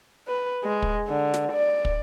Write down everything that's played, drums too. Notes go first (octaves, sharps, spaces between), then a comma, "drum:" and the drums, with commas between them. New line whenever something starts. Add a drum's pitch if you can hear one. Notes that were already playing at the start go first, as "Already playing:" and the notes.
B4
G#3
drum: kick
D3
drum: snare
D5
drum: kick